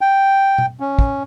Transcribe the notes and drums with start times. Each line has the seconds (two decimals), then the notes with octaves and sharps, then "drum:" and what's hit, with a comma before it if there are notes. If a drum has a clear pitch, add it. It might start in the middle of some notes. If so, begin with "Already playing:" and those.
0.01 G5
0.58 drum: tom B2
0.80 C#4
0.99 drum: kick